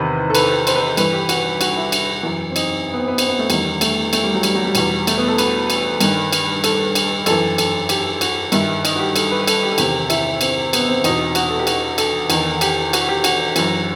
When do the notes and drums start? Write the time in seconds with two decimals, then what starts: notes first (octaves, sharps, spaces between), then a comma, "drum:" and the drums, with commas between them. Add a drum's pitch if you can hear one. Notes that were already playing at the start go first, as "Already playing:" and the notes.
Already playing: E2 C3 D#3 B4
0.30 A4
0.35 B4, drum: cymbal
0.51 B4
0.67 C5, drum: cymbal
0.75 B4
0.82 C5
0.97 G2 E3 B4, drum: cymbal
1.13 G4
1.29 F#4, drum: cymbal
1.61 F#4, drum: cymbal
1.77 E4
1.92 drum: cymbal
2.23 F#2 E3
2.51 C4
2.56 D#4, drum: cymbal
2.93 B3
2.97 C4
3.08 B3
3.18 C4, drum: cymbal
3.28 B3
3.39 A3
3.50 E2 D#3 G3, drum: cymbal
3.81 A3, drum: cymbal
4.13 A3, drum: cymbal
4.23 G3
4.34 F#3
4.43 G3, drum: cymbal
4.55 F#3
4.64 G3
4.75 E2 B2, drum: cymbal
5.07 A3, drum: cymbal
5.18 B3
5.28 A4
5.38 B4, drum: cymbal
5.70 drum: cymbal
6.01 G2 D#3, drum: cymbal
6.33 drum: cymbal
6.64 A4, drum: cymbal
6.95 drum: cymbal
7.26 F#2 E3 A4, drum: cymbal
7.58 A4, drum: cymbal
7.89 G4, drum: cymbal
8.21 F#4, drum: cymbal
8.52 G2 D#3 E4, drum: cymbal
8.85 D#4, drum: cymbal
8.95 F#4
8.99 G4
9.16 A4, drum: cymbal
9.31 B4
9.41 B4
9.47 A4, drum: cymbal
9.63 G4
9.72 A4
9.78 E2 C3 D#3 G4, drum: cymbal
10.10 E4, drum: cymbal
10.41 C4, drum: cymbal
10.73 B3, drum: cymbal
10.89 C4
11.04 E2 B2 D#4, drum: cymbal
11.35 F#4, drum: cymbal
11.50 A4
11.59 G4
11.67 F#4, drum: cymbal
11.98 A4, drum: cymbal
12.30 E2 D#3, drum: cymbal
12.61 G4, drum: cymbal
12.93 F#4, drum: cymbal
13.09 G4
13.24 F#4, drum: cymbal
13.56 F#2 E3, drum: cymbal